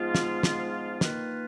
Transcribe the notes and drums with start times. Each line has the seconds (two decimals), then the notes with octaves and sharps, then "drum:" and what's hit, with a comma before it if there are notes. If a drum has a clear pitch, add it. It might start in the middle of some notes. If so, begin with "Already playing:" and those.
Already playing: G#2 F3 G#3 B3 F4
0.15 drum: snare
0.43 drum: snare
1.01 D#3 A#3 F4 B4, drum: snare